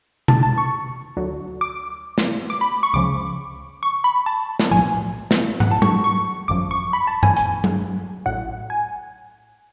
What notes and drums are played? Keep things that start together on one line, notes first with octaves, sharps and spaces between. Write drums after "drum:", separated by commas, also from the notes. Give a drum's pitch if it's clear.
A5, drum: tom B2
A5
C#6
D2 D3 F#3
D6
drum: snare
D6
B5
C#6
C#2 C#3 F3 D6
C#6
B5
A5
drum: snare
B1 A2 F3 G#5
drum: snare
F#5, drum: tom
A5
C#6, drum: tom F#3
C#6
G#1 F#2 F3 D6
C#6
B5
A5
G#5, drum: tom G2
G#5, drum: hi-hat
drum: tom F#3
A1 A2 F#3 F#5
G#5